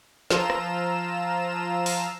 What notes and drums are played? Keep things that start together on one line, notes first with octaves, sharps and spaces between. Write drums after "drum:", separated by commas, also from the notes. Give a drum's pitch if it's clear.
F3 F4 A#5 E6 E7, drum: snare
drum: rim click
drum: open hi-hat